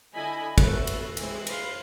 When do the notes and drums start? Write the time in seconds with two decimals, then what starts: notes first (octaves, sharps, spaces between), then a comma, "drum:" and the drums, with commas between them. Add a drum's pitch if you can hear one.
0.14 D3 E4 D#5 G#5 B5
0.58 F#4 A4 B4 E5, drum: kick, cymbal
0.87 drum: cymbal
1.17 E3 G#3 C4, drum: cymbal
1.47 B4 F5 C6, drum: cymbal